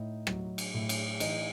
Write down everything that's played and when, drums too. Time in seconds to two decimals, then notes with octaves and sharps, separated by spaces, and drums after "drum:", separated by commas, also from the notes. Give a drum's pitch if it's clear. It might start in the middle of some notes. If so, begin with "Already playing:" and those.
Already playing: A2 D#4
0.27 F#3, drum: rim click
0.58 drum: cymbal
0.74 A2
0.89 drum: cymbal
1.20 E3 D#4, drum: cymbal